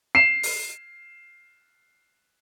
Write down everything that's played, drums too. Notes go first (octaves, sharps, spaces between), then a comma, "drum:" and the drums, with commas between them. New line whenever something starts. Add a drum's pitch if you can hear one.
C7 E7
drum: open hi-hat